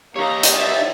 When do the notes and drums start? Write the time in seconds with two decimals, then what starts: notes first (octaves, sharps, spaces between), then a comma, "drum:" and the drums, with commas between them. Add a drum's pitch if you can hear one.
0.16 A#3 D#4 G4 C#5 A#5
0.43 drum: hi-hat
0.56 E5 A6